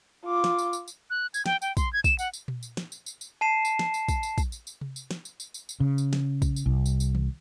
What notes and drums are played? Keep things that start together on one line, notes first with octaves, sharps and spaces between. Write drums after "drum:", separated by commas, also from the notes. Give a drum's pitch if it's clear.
F4 D6
drum: snare
drum: tambourine
drum: tambourine
drum: tambourine
F#6
G#6, drum: tambourine
G5, drum: snare
G5, drum: tambourine
C6, drum: kick, tambourine
G#6
E7, drum: kick, tambourine
F#5, drum: tambourine
drum: tambourine
drum: tom A#2
drum: tambourine
drum: snare
drum: tambourine
drum: tambourine
drum: tambourine
A5 C7 E7
drum: tambourine
drum: snare
drum: tambourine
drum: kick, tambourine
drum: tambourine
drum: kick, tambourine
drum: tambourine
drum: tambourine
drum: tom C3
drum: tambourine
drum: snare
drum: tambourine
drum: tambourine
drum: tambourine
drum: tambourine
C#3
drum: tambourine
drum: snare
drum: kick, tambourine
drum: tambourine
C2
drum: tambourine
drum: tambourine
drum: tom D#3